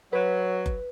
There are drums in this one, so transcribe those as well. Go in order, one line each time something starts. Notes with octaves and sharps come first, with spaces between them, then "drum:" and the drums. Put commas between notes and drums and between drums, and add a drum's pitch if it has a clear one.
F#3 B4
drum: kick F#1